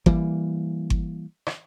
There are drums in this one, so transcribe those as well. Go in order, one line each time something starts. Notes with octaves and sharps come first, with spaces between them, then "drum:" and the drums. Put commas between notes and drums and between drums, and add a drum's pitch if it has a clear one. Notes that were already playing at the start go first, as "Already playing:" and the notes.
E3 G3 A#3, drum: kick G1
drum: kick G1
drum: rim click